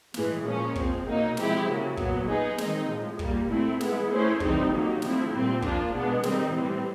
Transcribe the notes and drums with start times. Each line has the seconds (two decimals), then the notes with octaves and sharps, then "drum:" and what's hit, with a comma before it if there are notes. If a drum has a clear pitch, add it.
0.14 A2 E3 G#3, drum: snare
0.44 A#2 F3 G#3 C#4
0.76 F3 G#3 C4, drum: kick
1.06 B2 F#3 A#3 D#4
1.37 F3 G#3 C4 E4 G4, drum: snare
1.67 C#3 F#3 A#3
1.97 A#2 F#3 B3, drum: kick
2.27 G#3 B3 D#4 G#4
2.58 D#3 G#3 C4 D#4, drum: snare
2.89 A2 F3 G#3
3.19 A#2 G3 A#3, drum: kick
3.49 A3 C4 E4
3.81 G#3 B3 E4, drum: snare
4.11 A3 C#4 E4 G#4 C5
4.40 C3 E3 G3 C4 D#4, drum: kick
4.71 D3 F#3 A#3 D#4 G4
5.02 D3 F3 A3 C4 E4, drum: snare
5.32 A#2 G3 C4
5.62 F3 A#3 D4 F4, drum: kick
5.92 B2 G#3 B3 D4
6.23 D#3 G3 C4 D#4, drum: snare
6.54 A2 E3 G3 C4